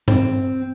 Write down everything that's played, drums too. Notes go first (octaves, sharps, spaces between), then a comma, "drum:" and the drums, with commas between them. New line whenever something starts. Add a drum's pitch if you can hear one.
C4, drum: tom G2